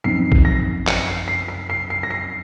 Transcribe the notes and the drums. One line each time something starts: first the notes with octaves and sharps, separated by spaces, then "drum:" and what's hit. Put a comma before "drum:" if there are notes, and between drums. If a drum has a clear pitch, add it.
F#2 F3 C4 D#4 C7
drum: kick A1
A#6
C#7, drum: clap
C7
C7
C7
C7
C7
A#6
C7